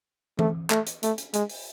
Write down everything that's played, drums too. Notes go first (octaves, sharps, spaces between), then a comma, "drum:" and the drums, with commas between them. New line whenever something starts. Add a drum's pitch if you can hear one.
A3, drum: tom E3
A3, drum: clap
drum: hi-hat
A3, drum: hi-hat
drum: hi-hat
G#3, drum: hi-hat
drum: open hi-hat